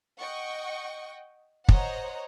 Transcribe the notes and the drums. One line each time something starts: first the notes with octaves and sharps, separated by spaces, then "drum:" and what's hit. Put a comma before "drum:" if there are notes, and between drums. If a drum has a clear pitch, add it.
D#5 F#5 G5 C#6
C5 C#5 D#5 F#5 A#5, drum: kick